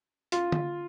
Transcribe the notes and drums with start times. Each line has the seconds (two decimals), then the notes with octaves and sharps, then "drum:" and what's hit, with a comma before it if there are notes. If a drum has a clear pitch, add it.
0.32 F4, drum: hi-hat
0.52 drum: tom D3